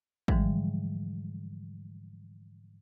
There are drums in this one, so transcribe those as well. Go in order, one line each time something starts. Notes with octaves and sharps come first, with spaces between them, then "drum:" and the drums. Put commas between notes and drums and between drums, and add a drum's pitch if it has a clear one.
G#2 D3 E3 F3 G3 G#3, drum: kick G#1